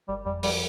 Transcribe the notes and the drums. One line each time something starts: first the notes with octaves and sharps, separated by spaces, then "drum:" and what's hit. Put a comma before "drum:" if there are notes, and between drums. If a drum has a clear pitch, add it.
G1 G3
F2 G3
F3 G3, drum: open hi-hat